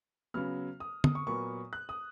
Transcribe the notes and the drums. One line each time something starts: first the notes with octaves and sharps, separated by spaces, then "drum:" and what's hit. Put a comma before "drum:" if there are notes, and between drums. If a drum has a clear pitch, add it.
C#3 F#3 B3 F6
D#6
D#6, drum: tom D3
C#6
A#2 F#3 B3 C#6
F#6
D#6